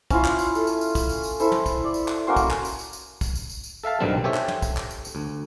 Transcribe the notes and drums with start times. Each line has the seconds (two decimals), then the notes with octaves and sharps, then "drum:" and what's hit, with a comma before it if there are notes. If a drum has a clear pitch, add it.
0.10 C#4 E4 F4, drum: kick, tambourine
0.25 drum: clap
0.39 drum: tambourine
0.55 A3 A4, drum: tambourine
0.67 drum: tambourine
0.81 drum: tambourine
0.95 drum: kick, tambourine
1.09 drum: tambourine
1.23 drum: tambourine
1.40 E4 A4 C5, drum: tambourine
1.52 drum: tom
1.66 drum: kick, tambourine
1.84 D5
1.94 drum: tambourine
2.08 drum: clap
2.27 A#3 C#4 F#4 C6
2.36 drum: kick, tambourine
2.51 drum: clap
2.65 drum: tambourine
2.79 drum: tambourine
2.93 drum: tambourine
3.21 drum: kick, tambourine
3.35 drum: tambourine
3.49 drum: tambourine
3.64 drum: tambourine
3.84 A4 E5 F5 A5
4.00 B1 G2 B2 D#3 G3 C4
4.24 G4 A4 C5 C#5 E5 G#5
4.34 drum: clap
4.48 drum: tom
4.62 drum: kick, tambourine
4.77 drum: clap
4.91 drum: tambourine
5.05 drum: tambourine
5.15 D2